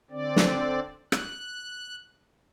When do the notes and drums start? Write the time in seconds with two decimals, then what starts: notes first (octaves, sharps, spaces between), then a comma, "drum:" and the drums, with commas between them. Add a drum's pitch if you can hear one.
0.11 D3 C4 D5
0.36 drum: snare
1.12 F#6, drum: rim click